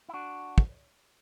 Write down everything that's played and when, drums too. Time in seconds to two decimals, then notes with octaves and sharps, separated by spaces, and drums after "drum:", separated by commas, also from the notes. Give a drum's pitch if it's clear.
0.09 E4
0.14 D4 F#4
0.58 drum: kick